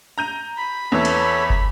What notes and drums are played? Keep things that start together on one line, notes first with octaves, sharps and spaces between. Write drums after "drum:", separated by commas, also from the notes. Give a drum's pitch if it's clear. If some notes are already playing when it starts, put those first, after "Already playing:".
A#5 G6 D#7
B5
E2 E3 A4 C#5
drum: cymbal
drum: kick